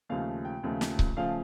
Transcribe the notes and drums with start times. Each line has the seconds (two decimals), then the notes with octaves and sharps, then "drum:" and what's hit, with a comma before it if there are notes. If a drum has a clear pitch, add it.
0.09 D#2 C#3 F3 A3 F5
0.45 G5
0.63 D#2 C#3 F3 A3
0.81 drum: snare
0.99 drum: kick C#1
1.16 C#3 F3 A3 F5